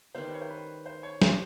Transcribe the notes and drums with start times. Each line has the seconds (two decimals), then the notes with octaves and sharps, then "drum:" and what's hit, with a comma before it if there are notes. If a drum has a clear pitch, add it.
0.15 D#3 G3 B3 C5
0.34 C#5
0.41 C5
0.50 B4
0.86 C5
1.03 C#5
1.22 C5, drum: snare